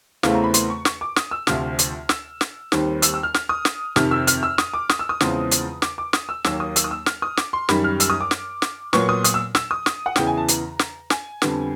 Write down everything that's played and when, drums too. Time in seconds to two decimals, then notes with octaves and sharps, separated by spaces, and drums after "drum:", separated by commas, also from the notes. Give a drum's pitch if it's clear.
0.23 E2 C#3 E3 A3 C4 F5, drum: snare
0.34 A#5
0.44 B5
0.54 C6, drum: hi-hat
0.70 C#6
0.85 C#6, drum: snare
1.01 D6
1.16 D#6, drum: snare
1.31 E6
1.47 D2 C3 F3 F6, drum: snare
1.79 drum: hi-hat
2.09 E6, drum: snare
2.41 drum: snare
2.72 D#2 D#3 G3 C4, drum: snare
3.02 E6, drum: hi-hat
3.14 E6
3.23 F6
3.34 F6, drum: snare
3.49 D#6
3.65 drum: snare
3.96 F2 C3 D#3 F6, drum: snare
4.11 E6
4.27 F6, drum: hi-hat
4.43 E6
4.58 D#6, drum: snare
4.74 D6
4.89 D#6, drum: snare
4.99 E6
5.09 D#6
5.21 E2 C#3 F3 G#3 C4, drum: snare
5.51 drum: hi-hat
5.82 D6, drum: snare
5.98 D6
6.13 D#6, drum: snare
6.29 E6
6.44 D#2 D#3 F#3 A#3 E6, drum: snare
6.60 D#6
6.76 E6, drum: hi-hat
6.84 D#6
6.91 E6
7.06 F6, drum: snare
7.22 D#6
7.37 D6, drum: snare
7.53 C6
7.69 F#2 D#3 G3 B5, drum: snare
7.84 F6
8.00 E6, drum: hi-hat
8.10 D#6
8.21 D6
8.31 drum: snare
8.62 drum: snare
8.93 A#2 F#3 B3 C#6, drum: snare
9.09 D#6
9.24 D#6, drum: hi-hat
9.34 E6
9.55 E6, drum: snare
9.71 D#6
9.86 D#6, drum: snare
10.06 F#5
10.16 E2 C#3 E3 G5, drum: snare
10.27 G#5
10.37 A5
10.48 A#5, drum: hi-hat
10.79 drum: snare
11.10 G#5, drum: snare
11.42 F2 D3 G3 B3, drum: snare